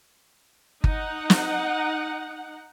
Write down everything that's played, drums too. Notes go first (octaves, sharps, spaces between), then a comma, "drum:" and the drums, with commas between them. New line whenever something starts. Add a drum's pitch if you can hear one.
D#4 F#5, drum: kick G1
drum: snare